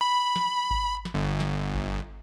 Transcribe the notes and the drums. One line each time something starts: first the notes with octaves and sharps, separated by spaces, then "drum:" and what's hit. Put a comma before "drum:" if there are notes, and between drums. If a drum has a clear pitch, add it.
B5
drum: snare
drum: kick G#1
drum: snare
G1
drum: snare
drum: kick G#1